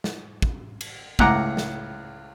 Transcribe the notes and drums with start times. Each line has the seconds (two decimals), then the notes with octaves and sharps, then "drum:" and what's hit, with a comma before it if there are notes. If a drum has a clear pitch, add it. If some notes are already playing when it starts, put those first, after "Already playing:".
0.04 drum: snare
0.42 drum: kick
0.81 drum: cymbal
1.19 C#2 A2 F#5 A#5 D6, drum: kick
1.57 drum: snare